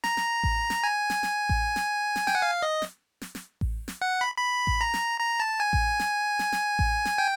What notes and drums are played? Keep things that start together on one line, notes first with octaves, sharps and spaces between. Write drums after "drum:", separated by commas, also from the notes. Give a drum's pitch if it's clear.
A#5, drum: snare
drum: snare
drum: kick A1
drum: snare
G#5
drum: snare
drum: snare
drum: kick A1
drum: snare
drum: snare
G5, drum: snare
F#5
F5
D#5
drum: snare
drum: snare
drum: snare
drum: kick A1
drum: snare
F#5
B5
B5
drum: kick A1
A#5
drum: snare
A#5
A5
G#5
drum: kick A1
drum: snare
drum: snare
drum: snare
drum: kick A1
drum: snare
G5